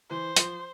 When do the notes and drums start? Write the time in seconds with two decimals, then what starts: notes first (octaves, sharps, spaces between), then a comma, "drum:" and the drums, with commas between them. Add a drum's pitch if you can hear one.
0.11 E3 C5
0.36 F3, drum: hi-hat